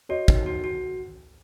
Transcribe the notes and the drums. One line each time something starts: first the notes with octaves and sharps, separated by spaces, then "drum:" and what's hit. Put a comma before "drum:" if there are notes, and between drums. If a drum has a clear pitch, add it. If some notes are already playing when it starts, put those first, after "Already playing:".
F#4 C#5 D#5
D#4, drum: kick
F#4
F#4